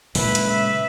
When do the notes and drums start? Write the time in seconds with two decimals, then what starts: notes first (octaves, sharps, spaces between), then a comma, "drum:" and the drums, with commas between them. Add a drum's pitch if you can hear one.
0.15 A#2 C#3 F#3 G#3 A3 E4 B4, drum: open hi-hat
0.35 drum: hi-hat
0.48 E5